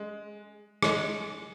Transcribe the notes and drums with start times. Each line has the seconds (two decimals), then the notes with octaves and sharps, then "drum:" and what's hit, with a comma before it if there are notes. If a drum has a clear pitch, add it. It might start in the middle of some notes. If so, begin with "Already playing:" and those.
Already playing: G#3
0.82 G#3, drum: rim click